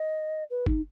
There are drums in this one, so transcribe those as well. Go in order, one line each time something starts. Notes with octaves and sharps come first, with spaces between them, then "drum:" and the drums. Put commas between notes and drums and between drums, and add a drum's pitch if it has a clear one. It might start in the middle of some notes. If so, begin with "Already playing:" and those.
Already playing: D#5
B4
D#4, drum: kick